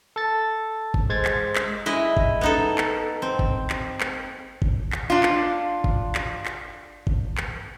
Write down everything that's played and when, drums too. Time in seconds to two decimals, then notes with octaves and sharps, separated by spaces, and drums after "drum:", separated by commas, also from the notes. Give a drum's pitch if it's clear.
0.16 A4 A6
0.94 drum: kick G1
1.09 G#3 C5 G#6 A6
1.25 drum: clap
1.55 drum: clap
1.86 G#3 E4 D#5
2.17 drum: kick G1
2.41 B3 D#4 A4
2.78 drum: clap
3.22 C4
3.39 drum: kick G1
3.70 drum: clap
4.00 drum: clap
4.62 drum: kick G1
4.92 drum: clap
5.10 D4 F4
5.23 drum: clap
5.84 drum: kick G1
6.15 drum: clap
6.46 drum: clap
7.07 drum: kick G1
7.37 drum: clap